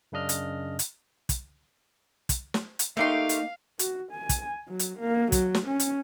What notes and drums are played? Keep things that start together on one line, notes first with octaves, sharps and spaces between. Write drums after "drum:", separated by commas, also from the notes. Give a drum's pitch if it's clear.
F#2 C#3 D4 D#5 F6
drum: hi-hat
drum: hi-hat
drum: kick, hi-hat
drum: kick, hi-hat
drum: snare
drum: hi-hat
A3 A#3 D#4 G4 F5 C6
drum: hi-hat
F#4, drum: hi-hat
G#5
drum: kick, hi-hat
F#3
drum: hi-hat
A#3
F#3, drum: kick, hi-hat
drum: snare
C#4
drum: hi-hat